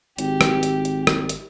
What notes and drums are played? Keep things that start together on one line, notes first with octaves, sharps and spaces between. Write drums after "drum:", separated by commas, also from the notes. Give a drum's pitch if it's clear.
G#1 G4, drum: hi-hat
drum: rim click
drum: hi-hat
drum: hi-hat
drum: rim click
drum: hi-hat